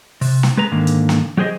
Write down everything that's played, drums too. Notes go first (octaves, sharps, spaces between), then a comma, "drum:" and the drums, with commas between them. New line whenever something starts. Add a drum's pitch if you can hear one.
C3, drum: open hi-hat
drum: snare
G#3 B4 A#5
G#2 D3 D#3 A#3
drum: hi-hat
drum: snare
F#3 G4 G#4 C5 D#5